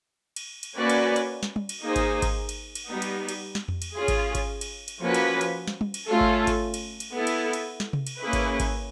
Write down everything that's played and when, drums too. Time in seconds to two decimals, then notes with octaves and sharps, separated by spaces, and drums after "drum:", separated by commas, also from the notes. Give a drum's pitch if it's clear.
0.36 drum: cymbal
0.63 drum: cymbal
0.76 A#3 C#4 F#4 B4 D5
0.90 drum: cymbal
1.16 drum: cymbal
1.43 drum: snare
1.56 drum: tom
1.69 drum: cymbal
1.82 A#3 D#4 G#4 C5
1.96 drum: kick G#1, cymbal
2.22 drum: kick G#1, cymbal
2.49 drum: cymbal
2.75 drum: cymbal
2.89 G3 B3 D#4
3.02 drum: cymbal
3.29 drum: cymbal
3.55 drum: snare
3.68 drum: tom F2
3.82 drum: cymbal
3.95 C#4 F4 G#4
4.08 drum: kick G#1, cymbal
4.35 drum: kick G#1, cymbal
4.61 drum: cymbal
4.88 drum: cymbal
5.01 F3 A#3 C#4 F#4 B4
5.14 drum: cymbal
5.41 drum: cymbal
5.68 drum: snare
5.81 drum: tom
5.94 drum: cymbal
6.07 A3 C#4 F4 A4
6.21 drum: kick G#1
6.47 drum: kick G#1, cymbal
6.74 drum: cymbal
7.00 drum: cymbal
7.14 B3 E4 A4
7.27 drum: cymbal
7.53 drum: cymbal
7.80 drum: snare
7.93 drum: tom C3
8.07 drum: cymbal
8.20 A#3 C#4 E4 G#4 B4
8.33 drum: kick G#1, cymbal
8.60 drum: kick G#1, cymbal